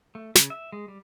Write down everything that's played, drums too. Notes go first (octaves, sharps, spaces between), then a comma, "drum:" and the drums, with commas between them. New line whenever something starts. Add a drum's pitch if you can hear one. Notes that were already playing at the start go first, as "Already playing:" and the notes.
A3
C#3, drum: snare
E5
G#3
G3